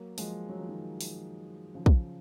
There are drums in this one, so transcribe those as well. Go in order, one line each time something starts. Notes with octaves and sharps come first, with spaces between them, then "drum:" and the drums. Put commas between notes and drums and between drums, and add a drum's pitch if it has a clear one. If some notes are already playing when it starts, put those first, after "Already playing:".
Already playing: F#3 A#3
F3 G#3, drum: open hi-hat
F#3
F3
D#3 F#3
drum: open hi-hat
C#3 F3
drum: kick